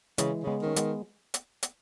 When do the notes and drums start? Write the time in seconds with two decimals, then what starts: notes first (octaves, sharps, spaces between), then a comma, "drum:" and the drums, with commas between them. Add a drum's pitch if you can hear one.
0.18 C#3 E3 G#3, drum: hi-hat
0.43 C#3 G#3 B3
0.62 D#3 C#4
0.76 G#3 B3, drum: hi-hat
1.34 drum: hi-hat
1.63 drum: hi-hat